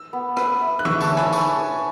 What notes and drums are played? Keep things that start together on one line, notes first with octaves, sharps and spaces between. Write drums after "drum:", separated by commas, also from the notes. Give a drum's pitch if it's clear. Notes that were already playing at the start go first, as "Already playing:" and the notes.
Already playing: E6
B3
B4, drum: rim click
E5
F#6
E4 C#6 E6, drum: tom D3
A5 C#6, drum: tambourine
C#4
G#5 B5, drum: rim click
G#4 A5 C#6, drum: tambourine
G#4